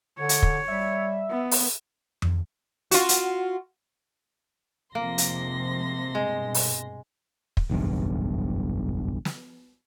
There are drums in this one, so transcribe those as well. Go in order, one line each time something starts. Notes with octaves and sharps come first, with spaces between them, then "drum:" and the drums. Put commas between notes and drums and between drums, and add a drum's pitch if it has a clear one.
D3 C#5
drum: hi-hat
drum: kick
G3 E5
B3
drum: open hi-hat
drum: tom F2
F4 F#4, drum: hi-hat
drum: hi-hat
F1 C3 F3 G#3 A#3 C6 A#6
drum: hi-hat
G2 B2 G#3
drum: open hi-hat
drum: kick
F#1 B1 E2 G2
drum: snare